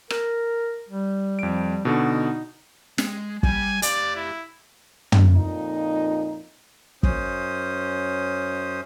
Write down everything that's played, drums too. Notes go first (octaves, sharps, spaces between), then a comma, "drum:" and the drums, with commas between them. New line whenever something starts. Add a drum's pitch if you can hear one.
A#4, drum: rim click
G3
F2 D7
B2 D3 D#4 F#4
G#3, drum: snare
G3 G#5, drum: kick
G4 D5 F5, drum: hi-hat
E4
drum: tom
F2 A#2 D#4
F#2 C#4 C5 D#6, drum: kick